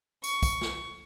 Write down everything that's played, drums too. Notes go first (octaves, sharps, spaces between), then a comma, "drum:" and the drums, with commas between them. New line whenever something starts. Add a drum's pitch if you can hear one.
C#6, drum: tambourine
drum: kick, tambourine
drum: snare